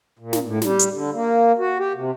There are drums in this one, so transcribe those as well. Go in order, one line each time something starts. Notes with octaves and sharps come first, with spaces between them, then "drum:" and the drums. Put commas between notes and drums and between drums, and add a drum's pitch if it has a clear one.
A#2
drum: snare
A2
G3, drum: snare
drum: hi-hat
D3
A#3
F#4
G4
C3